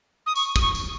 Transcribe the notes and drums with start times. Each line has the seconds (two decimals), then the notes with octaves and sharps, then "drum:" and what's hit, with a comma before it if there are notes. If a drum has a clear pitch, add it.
0.26 D#6
0.36 C#6, drum: tambourine
0.56 D#6, drum: kick, tambourine
0.61 C#6
0.75 drum: tambourine